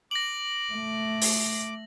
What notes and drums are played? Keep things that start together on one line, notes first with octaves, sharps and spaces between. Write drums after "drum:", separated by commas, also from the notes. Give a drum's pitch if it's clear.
D6 A#6 F#7
A3
drum: open hi-hat